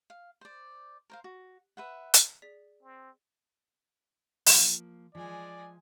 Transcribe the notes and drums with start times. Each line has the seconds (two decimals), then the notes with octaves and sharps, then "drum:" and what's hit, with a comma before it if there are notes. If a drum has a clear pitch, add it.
0.10 F5
0.41 C5 D5
1.10 A#4 C5 F5
1.24 F#4
1.77 B4 E5 F#5
2.14 drum: hi-hat
2.42 G#4 D5 B6
2.83 C4
4.46 F3 A#3, drum: open hi-hat
5.15 F3 G#3 D5 G#5